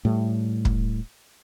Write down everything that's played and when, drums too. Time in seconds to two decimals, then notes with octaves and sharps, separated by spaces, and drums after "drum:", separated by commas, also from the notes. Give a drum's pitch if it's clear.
0.05 A2 G3
0.65 drum: kick